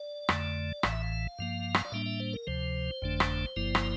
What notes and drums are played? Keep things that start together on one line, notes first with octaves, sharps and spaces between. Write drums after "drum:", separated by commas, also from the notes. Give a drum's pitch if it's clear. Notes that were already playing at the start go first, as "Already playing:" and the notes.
Already playing: D5
F2 D3 A3, drum: rim click
A1 A2 E3 F5, drum: rim click
E5
F5
G2 F3 A#3
drum: rim click
D5
A2 G3 A#3 D4 E5
E5
C5
A#4
D2 C3 F3 C5
G1 F2 D3 A3 D4
drum: rim click
G1 G2 F3 A#3 E4
drum: rim click